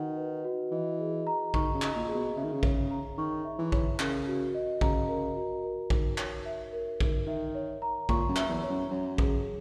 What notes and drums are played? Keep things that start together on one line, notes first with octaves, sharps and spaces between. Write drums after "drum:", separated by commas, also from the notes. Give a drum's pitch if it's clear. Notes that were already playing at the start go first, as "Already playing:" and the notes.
Already playing: D#3 F#4 B4 D#5 F#5
B4
F#4
E3 D#5
G#4
A#5
D#3 C#6, drum: kick A#1
C#3
D#5, drum: clap
A#2
G#4
B2
C#3 E5
D#3
C#3
C#5, drum: kick A#1
A#5
D#3 C#6
E5
E3
C#5, drum: kick A#1
C#3 A#4, drum: clap
F#4
D#5
C#3 A#5, drum: kick A#1
A#4
F#4
A#4
D#4, drum: kick A#1
C#5, drum: clap
E5
A#4
D#4, drum: kick A#1
D#3 E5
C#5
A#5
A#2 C#6, drum: kick A#1
F#2
E5, drum: clap
E2
C#5
F#2
F#2 C#5
G#4, drum: kick A#1